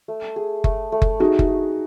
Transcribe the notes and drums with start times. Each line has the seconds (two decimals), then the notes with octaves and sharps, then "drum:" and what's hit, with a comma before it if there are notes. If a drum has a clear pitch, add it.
0.08 A3
0.36 G#4
0.64 A3, drum: kick F#1
0.92 A3
1.02 drum: kick F#1
1.20 D#4 F#4 G#4
1.39 drum: kick F#1
1.49 G#4